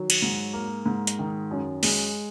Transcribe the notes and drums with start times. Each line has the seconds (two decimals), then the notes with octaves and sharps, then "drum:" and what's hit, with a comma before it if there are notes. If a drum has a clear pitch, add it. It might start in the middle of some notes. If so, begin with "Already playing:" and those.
Already playing: D#3 F#3
0.10 drum: cymbal
0.22 G#2
0.53 A#3
0.86 G#2
1.07 drum: hi-hat
1.19 D#3
1.51 F#2
1.83 G#3, drum: open hi-hat